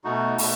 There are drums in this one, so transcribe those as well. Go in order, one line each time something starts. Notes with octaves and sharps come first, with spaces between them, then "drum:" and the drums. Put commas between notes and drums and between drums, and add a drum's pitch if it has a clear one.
B2 A3 D#4 F#4
B2 A3, drum: open hi-hat